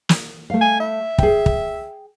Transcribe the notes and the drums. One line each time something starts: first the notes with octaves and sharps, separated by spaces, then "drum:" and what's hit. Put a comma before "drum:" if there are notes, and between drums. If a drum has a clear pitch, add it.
drum: snare
A3 F5
G#5
E5
G#4 G5, drum: kick
drum: kick